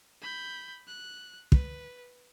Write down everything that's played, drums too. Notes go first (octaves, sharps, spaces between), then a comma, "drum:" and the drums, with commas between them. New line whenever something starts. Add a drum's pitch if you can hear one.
B5 G6
F#6
B4, drum: kick